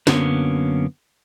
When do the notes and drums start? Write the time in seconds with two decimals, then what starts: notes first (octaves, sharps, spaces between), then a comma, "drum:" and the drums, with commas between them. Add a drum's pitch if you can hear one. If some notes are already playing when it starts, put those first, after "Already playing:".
0.07 F#2 D3 F#3 A#3 B3 C#4, drum: snare